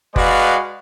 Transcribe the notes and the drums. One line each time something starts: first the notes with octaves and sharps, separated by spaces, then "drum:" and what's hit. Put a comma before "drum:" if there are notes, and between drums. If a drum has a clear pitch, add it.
G#3 F#4 B4 D5 F5, drum: kick F#1